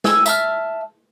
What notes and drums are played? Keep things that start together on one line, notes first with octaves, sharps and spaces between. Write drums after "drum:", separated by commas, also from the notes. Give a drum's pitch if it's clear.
G#5 E6, drum: snare
E5 A5 F6, drum: tambourine